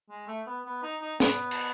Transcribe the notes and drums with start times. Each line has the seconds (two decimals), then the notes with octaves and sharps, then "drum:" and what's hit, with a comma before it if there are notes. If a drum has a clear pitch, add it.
0.10 G#3
0.28 A3
0.47 B3
0.65 B3
0.83 D#4
1.02 D#4
1.20 B3, drum: snare
1.51 drum: cymbal